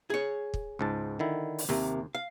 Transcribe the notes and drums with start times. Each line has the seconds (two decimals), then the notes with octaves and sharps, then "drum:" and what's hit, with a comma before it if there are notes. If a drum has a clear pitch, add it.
0.10 G#4 C#5
0.54 drum: kick
0.79 C#2 G#2 A5
1.19 D3 D#3 E4
1.58 drum: open hi-hat
1.69 D#2 C3 A#3
2.15 F5